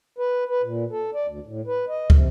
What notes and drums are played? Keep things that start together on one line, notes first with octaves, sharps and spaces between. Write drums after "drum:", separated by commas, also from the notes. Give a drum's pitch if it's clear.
B4
B4
A#2
A4
D5
D2
A2
B4
D#5
C3, drum: kick